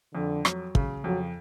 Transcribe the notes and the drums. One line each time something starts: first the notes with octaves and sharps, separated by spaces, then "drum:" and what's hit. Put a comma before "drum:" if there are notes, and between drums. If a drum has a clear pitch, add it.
F2 D3
F#3, drum: rim click
C#3, drum: kick
F2 F#3